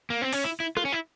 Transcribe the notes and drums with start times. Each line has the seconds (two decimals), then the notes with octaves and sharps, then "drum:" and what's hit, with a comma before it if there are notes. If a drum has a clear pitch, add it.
0.10 A#3
0.22 C4
0.33 C#4, drum: open hi-hat
0.44 E4
0.60 E4
0.77 F4, drum: rim click
0.85 C#4
0.92 E4